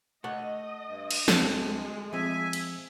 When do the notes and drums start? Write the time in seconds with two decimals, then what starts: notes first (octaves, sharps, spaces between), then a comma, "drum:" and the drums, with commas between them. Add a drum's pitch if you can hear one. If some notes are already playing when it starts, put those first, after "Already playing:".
0.24 A3 D#5 F#5
0.87 G2
1.11 drum: cymbal
1.28 D2 G#3 C4 A4, drum: snare
2.13 F3 C4 E5 G#5
2.53 drum: cymbal